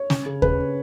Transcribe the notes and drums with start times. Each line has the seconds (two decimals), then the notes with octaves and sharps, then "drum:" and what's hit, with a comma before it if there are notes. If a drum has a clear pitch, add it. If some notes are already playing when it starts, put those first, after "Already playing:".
Already playing: C#5
0.10 C#4, drum: snare
0.26 C#3
0.42 C#3 B4, drum: kick D#2
0.59 C#3